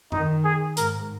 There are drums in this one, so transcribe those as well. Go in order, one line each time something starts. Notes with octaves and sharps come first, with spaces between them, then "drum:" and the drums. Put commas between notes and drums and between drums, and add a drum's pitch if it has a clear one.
D#3 D#4, drum: tom F#2
G#4
G#2 A#4, drum: hi-hat